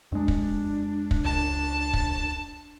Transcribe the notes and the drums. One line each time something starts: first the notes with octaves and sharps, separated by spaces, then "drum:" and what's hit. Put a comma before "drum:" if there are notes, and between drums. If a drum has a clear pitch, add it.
F2 G#3 D4
drum: kick
drum: kick
C#2 A5
drum: kick